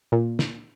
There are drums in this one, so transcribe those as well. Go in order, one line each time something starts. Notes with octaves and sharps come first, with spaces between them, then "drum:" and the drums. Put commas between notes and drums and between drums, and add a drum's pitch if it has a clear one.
A#2
drum: snare